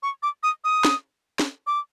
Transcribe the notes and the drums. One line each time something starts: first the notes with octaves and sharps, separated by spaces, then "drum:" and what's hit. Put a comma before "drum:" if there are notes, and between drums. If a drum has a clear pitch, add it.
C#6
D6
D#6
D#6
drum: snare
drum: snare
D6